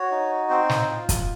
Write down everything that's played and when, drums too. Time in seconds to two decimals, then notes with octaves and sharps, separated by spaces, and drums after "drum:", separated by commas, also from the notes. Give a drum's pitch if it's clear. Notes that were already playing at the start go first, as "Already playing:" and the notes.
Already playing: F#4 C#5
0.11 D#4
0.50 C4 C5
0.69 drum: snare
0.89 F4
1.09 drum: kick, hi-hat